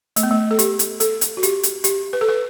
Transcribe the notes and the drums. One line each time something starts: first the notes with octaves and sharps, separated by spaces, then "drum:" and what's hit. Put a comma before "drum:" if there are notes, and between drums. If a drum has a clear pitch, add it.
A3, drum: hi-hat
B3
A3
A4
G4, drum: hi-hat
drum: hi-hat
A4, drum: hi-hat
drum: hi-hat
F#4
G4, drum: hi-hat
drum: hi-hat
G4, drum: hi-hat
B4
A4
B4